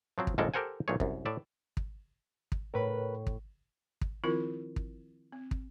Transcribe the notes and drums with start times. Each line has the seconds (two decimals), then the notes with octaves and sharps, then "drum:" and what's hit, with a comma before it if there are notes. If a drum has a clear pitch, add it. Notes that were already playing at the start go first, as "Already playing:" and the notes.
0.18 F3 F#3 C4
0.27 drum: kick
0.38 A#1 D#2 G3 G#3 A4 A#4
0.54 G4 A4 A#4 C5 F#5 G#5
0.88 B1 A#2 A3 G#4 C#5
1.00 C2 F#2, drum: kick
1.25 A2 D5 E5
1.77 drum: kick
2.52 drum: kick
2.74 A2 A#4 B4 B5
3.27 drum: kick
4.01 drum: kick
4.24 D#3 F3 C4 E4 F4 A#4
4.76 drum: kick
5.32 C4
5.51 drum: kick